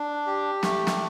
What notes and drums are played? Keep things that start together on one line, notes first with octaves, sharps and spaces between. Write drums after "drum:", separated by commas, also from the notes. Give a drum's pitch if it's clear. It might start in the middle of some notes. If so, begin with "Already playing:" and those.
Already playing: D4
G4
A3, drum: snare
drum: snare